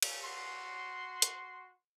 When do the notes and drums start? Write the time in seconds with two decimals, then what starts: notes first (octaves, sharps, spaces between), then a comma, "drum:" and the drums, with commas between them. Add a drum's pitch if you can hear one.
0.03 drum: cymbal
0.22 F#4 C6
1.22 drum: hi-hat